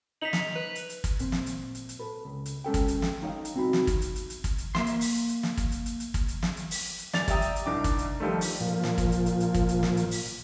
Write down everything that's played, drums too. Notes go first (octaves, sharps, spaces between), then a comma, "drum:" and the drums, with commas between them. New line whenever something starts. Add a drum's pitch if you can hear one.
D#4 B6 F7 F#7
drum: snare
B4
drum: hi-hat
drum: hi-hat
drum: kick, hi-hat
A#2 C4, drum: hi-hat
drum: snare
drum: hi-hat
drum: hi-hat
drum: hi-hat
A4 B4
C#2
drum: hi-hat
G#3 C#4 A4 G5
drum: kick, hi-hat
drum: hi-hat
drum: snare
D#4 C#5 D#5 F5 G5
drum: hi-hat
C2 C4 D#4 F#4 B5
drum: snare
drum: kick, hi-hat
drum: hi-hat
drum: hi-hat
drum: hi-hat
drum: kick, hi-hat
drum: hi-hat
A#3 E5 C6, drum: snare
drum: hi-hat
drum: open hi-hat
drum: hi-hat
drum: hi-hat
drum: snare
drum: kick, hi-hat
drum: hi-hat
drum: hi-hat
drum: hi-hat
drum: kick, hi-hat
drum: hi-hat
drum: snare
drum: hi-hat
drum: open hi-hat
drum: hi-hat
D#1 D5 A6 F7, drum: snare
G4 D5 E5 G5 A#5 D#6, drum: kick, hi-hat
drum: hi-hat
drum: hi-hat
C2 D4 D#4 D6
drum: kick, hi-hat
drum: hi-hat
D#3 F3 G3 A3
drum: open hi-hat
A#2 F3
drum: snare
drum: kick, hi-hat
drum: hi-hat
drum: hi-hat
drum: hi-hat
drum: kick, hi-hat
drum: hi-hat
drum: snare
drum: hi-hat
drum: open hi-hat
drum: hi-hat